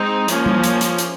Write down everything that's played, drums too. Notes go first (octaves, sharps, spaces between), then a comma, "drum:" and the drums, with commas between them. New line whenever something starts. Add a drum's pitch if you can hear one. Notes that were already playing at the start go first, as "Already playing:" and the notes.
Already playing: G#3 C4 D#4
F3 A#3 C#4, drum: hi-hat
drum: tom G3
drum: hi-hat
drum: hi-hat
drum: hi-hat